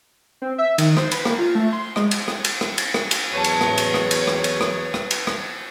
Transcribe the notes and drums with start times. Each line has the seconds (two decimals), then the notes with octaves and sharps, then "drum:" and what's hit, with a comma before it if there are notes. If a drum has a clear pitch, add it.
0.42 C4
0.58 E5
0.78 D#3, drum: cymbal
0.97 C5, drum: rim click
1.11 B4, drum: cymbal
1.25 A#3, drum: rim click
1.38 F4
1.55 A3
1.73 C6
1.96 G#3, drum: rim click
2.11 drum: cymbal
2.28 drum: rim click
2.44 drum: cymbal
2.61 drum: rim click
2.78 drum: cymbal
2.94 drum: rim click
3.11 drum: cymbal
3.33 E2 F#3 B4 C#5 A5
3.44 drum: cymbal
3.61 drum: rim click
3.78 drum: cymbal
3.94 drum: rim click
4.11 drum: cymbal
4.27 drum: rim click
4.44 drum: cymbal
4.61 drum: rim click
4.94 drum: rim click
5.11 drum: cymbal
5.27 drum: rim click